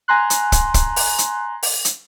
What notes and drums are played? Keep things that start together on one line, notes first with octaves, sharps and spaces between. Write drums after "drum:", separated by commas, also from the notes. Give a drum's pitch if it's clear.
G#5 A#5 C6 F#6
drum: hi-hat
drum: kick, hi-hat
drum: kick, hi-hat
drum: open hi-hat
drum: hi-hat
drum: open hi-hat
drum: hi-hat